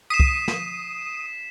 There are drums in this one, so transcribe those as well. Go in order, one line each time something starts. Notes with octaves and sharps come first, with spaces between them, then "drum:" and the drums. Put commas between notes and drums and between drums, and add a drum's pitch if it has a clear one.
D#6 B6 C7 D#7 E7
drum: kick
drum: snare